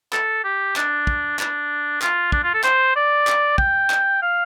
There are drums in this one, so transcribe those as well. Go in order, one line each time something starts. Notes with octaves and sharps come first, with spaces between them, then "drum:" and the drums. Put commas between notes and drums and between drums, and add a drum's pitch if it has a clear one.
A4, drum: clap
G4
D4, drum: clap
drum: kick
D4, drum: clap
F4, drum: clap
D4, drum: kick
F4
A4
C5, drum: clap
D5
drum: clap
G5, drum: kick
drum: clap
F5